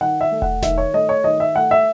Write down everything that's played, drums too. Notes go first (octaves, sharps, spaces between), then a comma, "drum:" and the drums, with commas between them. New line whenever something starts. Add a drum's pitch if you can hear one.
D#3 F#5
E5
A3
F#5, drum: kick E1
D#3 E5, drum: snare F1
C#5
A3 D#5
C#5
D#3 D#5
E5
A3 F#5
E5